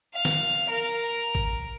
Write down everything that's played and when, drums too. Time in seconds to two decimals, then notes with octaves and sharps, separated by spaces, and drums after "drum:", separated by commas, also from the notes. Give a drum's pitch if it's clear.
0.14 F5
0.25 drum: snare
0.69 A#4
1.35 drum: kick